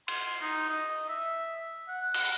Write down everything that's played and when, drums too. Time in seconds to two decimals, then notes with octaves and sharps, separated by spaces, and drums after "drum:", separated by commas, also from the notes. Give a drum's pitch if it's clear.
0.08 C6, drum: cymbal
0.41 D#4
0.69 D#5
1.09 E5
1.88 F#5
2.14 drum: cymbal